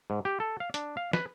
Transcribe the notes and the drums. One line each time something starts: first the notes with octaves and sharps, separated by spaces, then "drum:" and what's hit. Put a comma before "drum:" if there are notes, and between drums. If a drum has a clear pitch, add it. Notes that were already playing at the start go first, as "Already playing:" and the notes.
G#2
G4
A4
F5
D4, drum: hi-hat
F5
B4, drum: snare